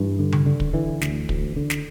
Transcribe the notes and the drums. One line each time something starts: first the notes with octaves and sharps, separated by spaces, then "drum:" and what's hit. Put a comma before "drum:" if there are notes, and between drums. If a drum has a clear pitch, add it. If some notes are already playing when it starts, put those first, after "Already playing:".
Already playing: G2 E3
D3
drum: tom C#3
D3
drum: kick
D3 E3
D2, drum: snare
D2, drum: kick
D3
drum: snare